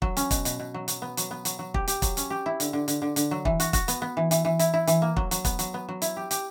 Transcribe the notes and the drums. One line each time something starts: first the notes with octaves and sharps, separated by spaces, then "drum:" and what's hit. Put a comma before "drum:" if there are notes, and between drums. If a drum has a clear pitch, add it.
F#3, drum: kick
C#4, drum: hi-hat
B2, drum: kick, hi-hat
B2, drum: hi-hat
B2
F#3
F#3, drum: hi-hat
B3
F#3, drum: hi-hat
B3
F#3, drum: hi-hat
F#3
G4, drum: kick
G4, drum: hi-hat
F#3, drum: kick, hi-hat
C#4, drum: hi-hat
G4
E4
D3, drum: hi-hat
D3
D3, drum: hi-hat
D3
D3, drum: hi-hat
F#3
E3, drum: kick
F#4, drum: hi-hat
F#4, drum: kick, hi-hat
B3, drum: hi-hat
B3
E3
E3, drum: hi-hat
E3
E4, drum: hi-hat
E4
E3, drum: hi-hat
A#3
F#3, drum: kick
F#3, drum: hi-hat
B3, drum: kick, hi-hat
F#3, drum: hi-hat
B3
F#3
E4, drum: hi-hat
G4
G4, drum: hi-hat